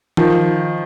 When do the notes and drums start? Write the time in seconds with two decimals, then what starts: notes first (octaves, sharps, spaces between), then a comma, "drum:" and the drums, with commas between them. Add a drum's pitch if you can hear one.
0.17 D#3 F3, drum: tom D#3